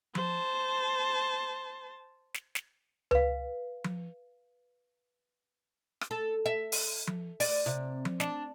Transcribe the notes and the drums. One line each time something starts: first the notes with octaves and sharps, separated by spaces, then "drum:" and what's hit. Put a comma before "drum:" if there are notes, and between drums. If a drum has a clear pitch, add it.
C5 A5, drum: tom F3
drum: snare
drum: snare
B4 F5, drum: tom C#2
drum: tom F3
drum: rim click
A4
E5
drum: open hi-hat
drum: tom F3
D5, drum: open hi-hat
C3
drum: tom F3
D4, drum: snare